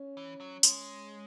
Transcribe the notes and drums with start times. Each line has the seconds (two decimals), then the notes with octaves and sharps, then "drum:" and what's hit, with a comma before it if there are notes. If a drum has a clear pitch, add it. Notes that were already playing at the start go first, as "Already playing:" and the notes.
Already playing: C#4
0.17 E3
0.40 F#3
0.63 G#3, drum: tambourine